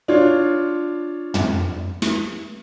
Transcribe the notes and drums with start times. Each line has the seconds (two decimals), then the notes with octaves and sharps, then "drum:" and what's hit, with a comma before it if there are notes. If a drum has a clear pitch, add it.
0.08 D4 F4 C#5
1.34 drum: tom
2.02 drum: snare